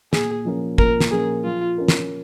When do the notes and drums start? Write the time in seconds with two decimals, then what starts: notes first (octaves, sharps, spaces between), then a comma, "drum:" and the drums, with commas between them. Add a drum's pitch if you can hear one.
0.13 A#2 G#4, drum: snare
0.45 F3 C#4 F4 A#4
0.78 A#2 A#4, drum: kick
1.01 drum: snare
1.11 F3 C#4 F4 G#4 A#4
1.44 F3 F4
1.78 C#4 A#4
1.88 drum: snare